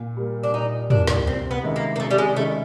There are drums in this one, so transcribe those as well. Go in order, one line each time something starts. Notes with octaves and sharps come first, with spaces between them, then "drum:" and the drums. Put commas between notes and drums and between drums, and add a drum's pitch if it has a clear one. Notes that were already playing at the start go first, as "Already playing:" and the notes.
Already playing: A#2
G3 A#3
D4
A#2 D#4
G3 A#3 D4, drum: tom
drum: snare
C3 C4
B3
D#3 G#3 C#4 E4
A#3
A#3
C3 A3
G3
G#3
D#3 G#3 A3 C#4 E4